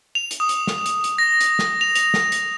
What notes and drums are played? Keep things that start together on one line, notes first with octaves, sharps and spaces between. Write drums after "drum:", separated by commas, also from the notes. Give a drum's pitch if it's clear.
F7
drum: hi-hat
D#6
drum: hi-hat
drum: snare
drum: hi-hat
drum: hi-hat
A#6
drum: hi-hat
drum: snare
F7
F7, drum: hi-hat
drum: snare
drum: hi-hat